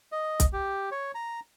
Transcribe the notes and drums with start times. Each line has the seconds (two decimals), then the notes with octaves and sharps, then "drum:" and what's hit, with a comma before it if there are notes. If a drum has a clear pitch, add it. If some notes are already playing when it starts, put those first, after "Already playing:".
0.12 D#5
0.40 drum: kick B1, hi-hat
0.53 G4
0.91 C#5
1.15 A#5